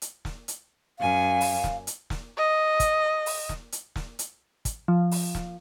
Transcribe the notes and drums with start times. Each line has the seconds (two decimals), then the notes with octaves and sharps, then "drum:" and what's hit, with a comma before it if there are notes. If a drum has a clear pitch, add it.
0.02 drum: hi-hat
0.25 drum: snare
0.48 drum: hi-hat
0.99 F#2 F5 G#5
1.41 drum: open hi-hat
1.64 drum: snare
1.87 drum: hi-hat
2.10 drum: snare
2.37 D#5
2.80 drum: kick, hi-hat
3.26 drum: open hi-hat
3.49 drum: snare
3.72 drum: hi-hat
3.96 drum: snare
4.19 drum: hi-hat
4.65 drum: kick, hi-hat
4.88 F3
5.11 drum: open hi-hat
5.35 drum: snare